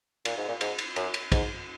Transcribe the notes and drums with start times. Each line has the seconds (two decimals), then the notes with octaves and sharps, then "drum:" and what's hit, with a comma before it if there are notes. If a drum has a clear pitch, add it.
0.25 A#2, drum: cymbal
0.37 G#2
0.48 A#2
0.61 G#2, drum: cymbal
0.78 drum: cymbal
0.96 F#2, drum: cymbal
1.14 drum: cymbal
1.32 G#2, drum: kick, cymbal